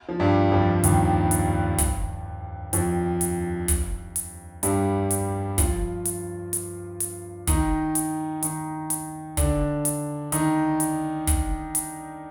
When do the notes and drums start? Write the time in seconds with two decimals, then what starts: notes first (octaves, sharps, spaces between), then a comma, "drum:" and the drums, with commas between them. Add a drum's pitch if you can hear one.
0.09 F3
0.20 G2 G3
0.52 F2 F3
0.84 D#2 D#3, drum: hi-hat
1.31 drum: hi-hat
1.78 drum: kick, hi-hat
2.73 F2 F3, drum: hi-hat
3.21 drum: hi-hat
3.68 drum: kick, hi-hat
4.16 drum: hi-hat
4.63 G2 G3, drum: hi-hat
5.11 drum: hi-hat
5.58 F3 F4, drum: kick, hi-hat
6.05 drum: hi-hat
6.53 drum: hi-hat
7.00 drum: hi-hat
7.47 D#3 D#4, drum: kick, hi-hat
7.95 drum: hi-hat
8.43 D#3 D#4, drum: hi-hat
8.90 drum: hi-hat
9.37 D3 D4, drum: kick, hi-hat
9.85 drum: hi-hat
10.32 D#3 D#4, drum: hi-hat
10.80 drum: hi-hat
11.27 drum: kick, hi-hat
11.75 drum: hi-hat